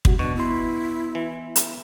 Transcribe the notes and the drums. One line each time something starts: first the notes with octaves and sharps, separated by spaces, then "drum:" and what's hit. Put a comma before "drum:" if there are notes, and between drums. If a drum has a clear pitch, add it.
C3 G3 F#4, drum: kick
B2 D4 C#6
B3 E4 C6
E3
drum: hi-hat